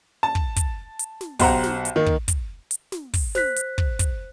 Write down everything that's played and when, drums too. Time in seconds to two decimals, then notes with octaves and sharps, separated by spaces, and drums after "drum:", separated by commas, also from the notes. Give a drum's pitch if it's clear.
0.23 A5
0.35 drum: kick
0.56 drum: kick, hi-hat
0.99 drum: hi-hat
1.21 drum: snare
1.39 B1 G4 C5 F#5 A#5, drum: kick, open hi-hat
1.64 drum: snare
1.85 drum: hi-hat
1.96 D#3 A#3
2.06 drum: kick
2.28 drum: kick, hi-hat
2.71 drum: hi-hat
2.92 drum: snare
3.14 drum: kick, open hi-hat
3.35 C5 F#6 B6, drum: snare
3.56 drum: hi-hat
3.78 drum: kick
3.99 drum: kick, hi-hat